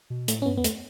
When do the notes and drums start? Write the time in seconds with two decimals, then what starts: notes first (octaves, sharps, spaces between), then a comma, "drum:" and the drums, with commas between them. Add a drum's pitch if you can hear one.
0.10 B2
0.28 A2 A3, drum: hi-hat
0.42 C#4
0.46 G2 B3
0.58 E2 B3
0.64 A3, drum: hi-hat